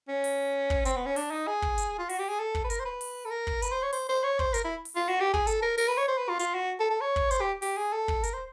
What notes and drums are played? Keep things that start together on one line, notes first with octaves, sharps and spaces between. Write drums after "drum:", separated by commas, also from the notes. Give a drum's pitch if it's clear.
C#4
drum: open hi-hat
drum: kick
C4, drum: hi-hat
B3
C#4
D4, drum: open hi-hat
D#4
G#4
drum: kick
drum: hi-hat
F4
F#4, drum: open hi-hat
G4
G#4
A4
drum: kick
B4
A#4, drum: hi-hat
C5
B4
drum: open hi-hat
A4
A#4
drum: kick
B4, drum: hi-hat
C5
C#5
C5, drum: open hi-hat
C5
C#5
C5, drum: kick
A#4, drum: hi-hat
E4
drum: open hi-hat
F4
F#4
G4
G#4, drum: kick
A4, drum: hi-hat
A#4
A#4, drum: open hi-hat
B4
C#5
C5
B4
F4
F4, drum: hi-hat
F#4
A4
A4
C#5
drum: kick
C5, drum: hi-hat
G4
G4, drum: open hi-hat
G#4
A4
drum: kick
A#4, drum: hi-hat
C5